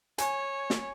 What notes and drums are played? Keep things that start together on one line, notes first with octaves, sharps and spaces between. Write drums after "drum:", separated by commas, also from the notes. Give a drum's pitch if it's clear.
C#5 G#5, drum: hi-hat
drum: snare